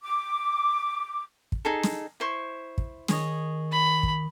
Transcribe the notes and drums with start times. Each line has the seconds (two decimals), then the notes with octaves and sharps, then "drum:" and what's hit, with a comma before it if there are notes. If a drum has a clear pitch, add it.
0.03 D6
1.52 drum: kick
1.65 D#4 G#4 A4
1.83 drum: snare
2.20 E4 C5 C#6
2.78 drum: kick
3.08 D#3 G#4 C#5 D#5, drum: snare
3.72 B5
4.03 drum: kick